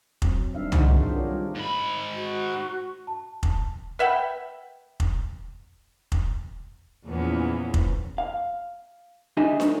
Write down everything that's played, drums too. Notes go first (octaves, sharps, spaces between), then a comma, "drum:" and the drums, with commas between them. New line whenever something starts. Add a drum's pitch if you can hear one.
F#3 C4, drum: kick F1
D#3 G3 D4 E5 F5
D#3 G#3 D4 D#4 F#4 C5, drum: tom
D4 F4 G4 A#4 C#5
G3 F4
G#2 B5
F#4
A5
drum: kick F1
B4 E5 F#5 G5
drum: kick F1
drum: kick F1
E2 A#2 E3 F3 B3 C#4
drum: kick F1
F5
D4 D#4 G4 G#4 D#5 E5
drum: snare